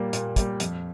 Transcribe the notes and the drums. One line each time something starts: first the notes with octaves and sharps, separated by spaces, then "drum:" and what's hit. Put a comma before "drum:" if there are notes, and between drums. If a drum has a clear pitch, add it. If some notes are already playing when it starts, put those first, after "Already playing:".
Already playing: A#2 G3 A#3
A#2, drum: hi-hat
G3 A#3, drum: kick, hi-hat
F2, drum: hi-hat